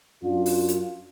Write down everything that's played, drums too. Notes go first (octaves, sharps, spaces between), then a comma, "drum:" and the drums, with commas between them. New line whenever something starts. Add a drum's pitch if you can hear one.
F#2 D4 F4
drum: open hi-hat
drum: hi-hat